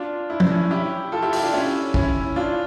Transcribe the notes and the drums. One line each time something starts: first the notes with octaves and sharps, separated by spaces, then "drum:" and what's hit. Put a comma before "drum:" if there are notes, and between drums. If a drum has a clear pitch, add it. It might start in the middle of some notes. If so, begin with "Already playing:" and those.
Already playing: D4 F4
E4
D4, drum: tom
C#4 E4
E4 G4
F4 A4
E4 G4
E4 G4, drum: open hi-hat
D4 F4
C#4 E4
C#4 E4, drum: kick
D4 F4